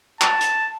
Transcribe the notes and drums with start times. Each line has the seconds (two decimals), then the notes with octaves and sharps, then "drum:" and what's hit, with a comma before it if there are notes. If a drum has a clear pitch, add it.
0.21 A5, drum: clap
0.41 drum: hi-hat